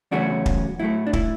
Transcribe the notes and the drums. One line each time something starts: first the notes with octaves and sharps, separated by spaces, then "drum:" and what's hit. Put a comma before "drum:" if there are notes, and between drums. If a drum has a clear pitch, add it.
E2 C#3 F#3 A3 C#4 D4 F#4
drum: kick
A2 F#3 A3 E4
D4
E4, drum: kick